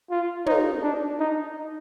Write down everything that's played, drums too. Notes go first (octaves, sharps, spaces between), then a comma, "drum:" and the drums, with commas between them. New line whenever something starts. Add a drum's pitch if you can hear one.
F4
D#4, drum: tom
D4
D#4